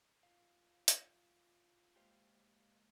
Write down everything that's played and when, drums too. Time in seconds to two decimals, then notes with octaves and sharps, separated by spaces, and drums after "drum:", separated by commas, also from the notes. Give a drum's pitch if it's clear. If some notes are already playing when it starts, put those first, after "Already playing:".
0.23 F4 F5
0.88 drum: hi-hat
1.96 G#3 A#3 G4 C5 F5